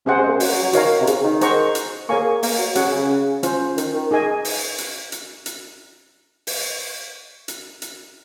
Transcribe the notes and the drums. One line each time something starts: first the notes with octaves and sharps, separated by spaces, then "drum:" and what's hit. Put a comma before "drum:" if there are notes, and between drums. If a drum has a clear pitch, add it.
C3 C#4 G#4 C5 F#5
G#3
A#3
F#3, drum: open hi-hat
F#3
F#3
D#3 F#4 C#5 F5 A#5, drum: hi-hat
C3
C#3, drum: hi-hat
D#3
G#4 C5 F#5 A#5 C#6, drum: hi-hat
drum: hi-hat
A#3 G#4 C#5 G#5 C#6
A#3, drum: open hi-hat
F#3
F#3 C#4 G#4 C#5 F#5, drum: hi-hat
C#3
C#4 F4 C5, drum: hi-hat
D#3, drum: hi-hat
D#3
D#4 G#4 D#5 G#5
drum: open hi-hat
drum: hi-hat
drum: hi-hat
drum: hi-hat
drum: open hi-hat
drum: hi-hat
drum: hi-hat